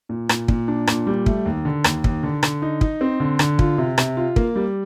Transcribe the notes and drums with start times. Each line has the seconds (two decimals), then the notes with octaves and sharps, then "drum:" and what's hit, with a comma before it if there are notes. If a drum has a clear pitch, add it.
0.09 A#2
0.29 A#2, drum: rim click
0.48 A#2, drum: kick
0.68 D4
0.87 A#2, drum: rim click
1.07 G3
1.26 A3, drum: kick
1.46 D#2
1.65 D3
1.84 D#2, drum: rim click
2.04 D#2, drum: kick
2.23 D3
2.43 D3, drum: rim click
2.62 D#4
2.81 D#4, drum: kick
3.01 C4
3.20 D3
3.39 D3, drum: rim click
3.59 F4, drum: kick
3.78 C3
3.98 C3, drum: rim click
4.17 F4
4.36 A#3, drum: kick
4.56 G3